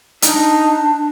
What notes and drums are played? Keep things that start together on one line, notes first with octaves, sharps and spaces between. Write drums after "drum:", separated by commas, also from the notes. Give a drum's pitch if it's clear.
D4 D#4, drum: hi-hat